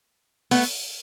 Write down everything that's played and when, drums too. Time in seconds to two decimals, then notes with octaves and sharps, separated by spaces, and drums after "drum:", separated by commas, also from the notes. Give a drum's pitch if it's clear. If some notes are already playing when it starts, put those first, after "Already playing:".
0.51 A3 B3, drum: open hi-hat